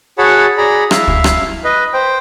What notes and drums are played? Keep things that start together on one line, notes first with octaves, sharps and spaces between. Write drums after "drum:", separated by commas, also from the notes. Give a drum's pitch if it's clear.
F#4 G#4 C#5 F#5 A5 B5
G#4 D5 A#5 B5
E4 E5 F5, drum: rim click
drum: kick
drum: rim click
B4 D#5
C5 G5